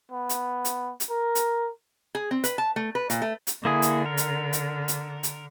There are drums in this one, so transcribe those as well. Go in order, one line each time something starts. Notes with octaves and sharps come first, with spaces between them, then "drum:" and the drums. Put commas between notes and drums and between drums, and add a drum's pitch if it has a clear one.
B3
drum: hi-hat
drum: hi-hat
drum: hi-hat
A#4
drum: hi-hat
G#4
C4
B4, drum: hi-hat
A5
A3
B4
A#2, drum: hi-hat
A3
drum: hi-hat
D3 A#3 E4 G#4
drum: hi-hat
A#4
drum: hi-hat
drum: hi-hat
drum: hi-hat
drum: hi-hat